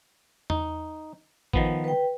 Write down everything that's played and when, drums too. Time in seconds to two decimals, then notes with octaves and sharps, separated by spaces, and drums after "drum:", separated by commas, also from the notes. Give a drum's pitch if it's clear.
0.50 D#4, drum: tom E2
1.53 D#3 F3 B3, drum: kick G#1
1.84 B4 G5